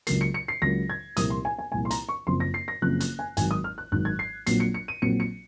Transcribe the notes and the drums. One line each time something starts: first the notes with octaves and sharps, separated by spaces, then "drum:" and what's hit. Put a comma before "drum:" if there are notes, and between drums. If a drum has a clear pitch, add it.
C#2 C#3 F#3 A#3 C7, drum: hi-hat
C#7
C#7
C7
C#2 C#3 F#3 A#3 A#6
G#6
C2 A#2 F3 A#3 D#6, drum: hi-hat
C6
G#5
G#5
C2 A#2 F3 A#3 G#5
C6
A#5, drum: hi-hat
C#6
F#1 F#2 C#3 F3 C4 C6
A#6
C7
A#6
F#1 F#2 C#3 F3 C4 F#6
F#6, drum: hi-hat
G#5
G#1 G#2 D#3 F#3 G#5, drum: hi-hat
D#6
F6
F#6
G#1 G#2 D#3 F#3 F#6
G#6
C7
A#1 A#2 F#3 C4 C7, drum: hi-hat
C#7
C#7
D#7
A#1 A#2 F#3 C4 C#7
C#7